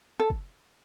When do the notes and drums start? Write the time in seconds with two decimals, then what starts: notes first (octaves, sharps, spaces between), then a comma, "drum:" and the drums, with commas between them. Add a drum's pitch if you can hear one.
0.20 A4
0.30 drum: kick